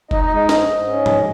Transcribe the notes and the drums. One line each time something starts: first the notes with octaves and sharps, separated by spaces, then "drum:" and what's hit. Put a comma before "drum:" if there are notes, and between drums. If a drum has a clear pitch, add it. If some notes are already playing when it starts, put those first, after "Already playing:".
D#4 D#5, drum: kick F#1
D#5
G#3
D#5
G#2 D#5, drum: snare
G#2
C#4
G#3, drum: tom